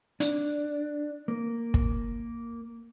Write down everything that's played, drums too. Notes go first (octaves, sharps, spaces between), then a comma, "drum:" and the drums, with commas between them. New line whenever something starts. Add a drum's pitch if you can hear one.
D4, drum: hi-hat
A#3
drum: kick